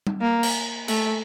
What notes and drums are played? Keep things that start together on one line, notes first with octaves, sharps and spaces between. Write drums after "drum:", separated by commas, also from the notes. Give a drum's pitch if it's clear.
drum: tom G3
A#3
drum: cymbal
A3, drum: cymbal